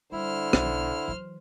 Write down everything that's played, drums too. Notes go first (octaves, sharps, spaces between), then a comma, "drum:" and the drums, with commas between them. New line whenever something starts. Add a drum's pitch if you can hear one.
D3 G3 E4 C5 F6
B1, drum: rim click
E3 F#3